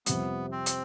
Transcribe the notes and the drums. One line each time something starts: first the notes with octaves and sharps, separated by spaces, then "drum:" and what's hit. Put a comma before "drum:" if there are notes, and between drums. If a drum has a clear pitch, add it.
F2 C3 G3 B3, drum: hi-hat
C4
drum: hi-hat